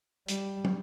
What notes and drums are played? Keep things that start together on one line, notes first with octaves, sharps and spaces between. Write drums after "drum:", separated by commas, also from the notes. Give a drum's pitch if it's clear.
G3, drum: hi-hat
drum: tom